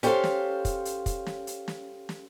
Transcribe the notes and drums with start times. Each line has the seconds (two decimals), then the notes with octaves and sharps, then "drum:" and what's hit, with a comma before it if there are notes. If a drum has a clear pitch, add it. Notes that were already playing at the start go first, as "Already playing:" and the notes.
0.03 C#4 G4 A4 C5 F5, drum: hi-hat
0.24 drum: snare
0.65 drum: kick, hi-hat
0.85 drum: hi-hat
1.06 drum: kick, hi-hat
1.26 drum: snare
1.47 drum: hi-hat
1.68 drum: snare
2.09 drum: snare